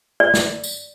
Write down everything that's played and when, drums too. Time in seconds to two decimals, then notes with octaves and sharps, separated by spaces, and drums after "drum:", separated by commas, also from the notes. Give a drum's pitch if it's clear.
0.20 D5
0.34 drum: snare
0.64 drum: tambourine